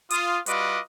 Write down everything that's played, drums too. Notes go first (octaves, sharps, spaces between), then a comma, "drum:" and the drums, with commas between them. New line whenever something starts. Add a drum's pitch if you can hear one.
F4 D#6, drum: hi-hat
G3 F4 F#4 B4 D#5 D6, drum: hi-hat